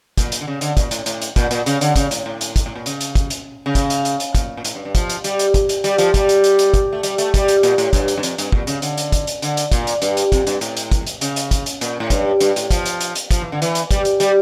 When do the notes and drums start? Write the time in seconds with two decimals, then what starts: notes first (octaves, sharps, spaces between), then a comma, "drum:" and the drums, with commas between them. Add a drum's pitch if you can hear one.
0.18 A#2, drum: kick, hi-hat
0.32 drum: hi-hat
0.41 D3
0.47 C#3
0.61 D3, drum: hi-hat
0.77 A#2, drum: kick, hi-hat
0.91 A2, drum: hi-hat
1.06 A2, drum: hi-hat
1.21 drum: hi-hat
1.36 A#2, drum: kick, hi-hat
1.51 A#2, drum: hi-hat
1.66 C#3, drum: hi-hat
1.81 D3, drum: hi-hat
1.96 C#3, drum: kick, hi-hat
2.11 A2, drum: hi-hat
2.26 A2
2.41 drum: hi-hat
2.56 drum: kick, hi-hat
2.66 A2
2.75 A#2
2.86 C#3, drum: hi-hat
3.01 drum: hi-hat
3.15 drum: kick, hi-hat
3.30 drum: hi-hat
3.66 C#3
3.75 drum: kick, hi-hat
3.90 drum: hi-hat
4.05 drum: hi-hat
4.20 drum: hi-hat
4.35 A#2, drum: kick, hi-hat
4.57 A#2
4.65 A2, drum: hi-hat
4.75 G2
4.85 G2
4.95 F3, drum: kick, hi-hat
5.09 drum: hi-hat
5.24 G3, drum: hi-hat
5.39 drum: hi-hat
5.54 drum: kick, hi-hat
5.69 drum: hi-hat
5.84 G3, drum: hi-hat
5.98 F3, drum: hi-hat
6.14 G3, drum: kick, hi-hat
6.29 drum: hi-hat
6.44 drum: hi-hat
6.59 drum: hi-hat
6.74 drum: kick, hi-hat
6.93 A3
7.03 G3, drum: hi-hat
7.18 A3, drum: hi-hat
7.34 G3, drum: kick, hi-hat
7.48 drum: hi-hat
7.63 A#2, drum: hi-hat
7.78 A2, drum: hi-hat
7.93 G2, drum: kick, hi-hat
8.08 drum: hi-hat
8.17 G2
8.23 F2, drum: hi-hat
8.38 G2, drum: hi-hat
8.52 A#2, drum: kick
8.67 C#3, drum: hi-hat
8.82 D3, drum: hi-hat
8.98 drum: hi-hat
9.12 drum: kick, hi-hat
9.27 drum: hi-hat
9.42 D3, drum: hi-hat
9.57 drum: hi-hat
9.72 A#2, drum: kick, hi-hat
9.87 drum: hi-hat
10.02 G2, drum: hi-hat
10.17 drum: hi-hat
10.32 F2, drum: kick, hi-hat
10.47 G2, drum: hi-hat
10.61 A2, drum: hi-hat
10.77 drum: hi-hat
10.92 drum: kick, hi-hat
11.06 drum: hi-hat
11.21 C#3, drum: hi-hat
11.36 drum: hi-hat
11.51 drum: kick, hi-hat
11.66 drum: hi-hat
11.81 A#2, drum: hi-hat
12.00 A2
12.10 G2, drum: kick, hi-hat
12.40 G2, drum: hi-hat
12.56 A2, drum: hi-hat
12.71 F3, drum: kick, hi-hat
12.86 drum: hi-hat
13.00 drum: hi-hat
13.15 drum: hi-hat
13.31 F3, drum: kick, hi-hat
13.41 E3
13.52 D3
13.62 E3, drum: hi-hat
13.75 drum: hi-hat
13.91 G3, drum: kick, hi-hat
14.05 drum: hi-hat
14.20 G3, drum: hi-hat